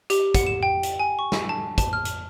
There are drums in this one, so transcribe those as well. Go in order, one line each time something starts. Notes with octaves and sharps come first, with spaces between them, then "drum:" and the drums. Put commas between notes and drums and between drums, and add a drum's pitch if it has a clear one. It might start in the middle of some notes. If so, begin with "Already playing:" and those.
G4, drum: hi-hat
F#5, drum: kick, hi-hat
E7
G5
drum: hi-hat
G#5
C#6
drum: snare
A5
A5, drum: kick, hi-hat
F6
drum: hi-hat